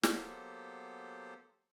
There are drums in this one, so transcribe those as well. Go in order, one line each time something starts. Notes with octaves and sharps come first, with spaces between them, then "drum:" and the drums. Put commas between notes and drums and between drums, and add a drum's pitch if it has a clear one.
F#3 A#3 B3 G4 A4 C5, drum: snare